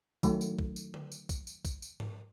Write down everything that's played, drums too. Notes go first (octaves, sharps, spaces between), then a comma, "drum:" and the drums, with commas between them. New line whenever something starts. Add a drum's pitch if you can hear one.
D#3 F#3 A3, drum: kick, tambourine
drum: tambourine
drum: kick
drum: tambourine
drum: tom D3
drum: tambourine
drum: kick, tambourine
drum: tambourine
drum: kick, tambourine
drum: tambourine
drum: tom G#2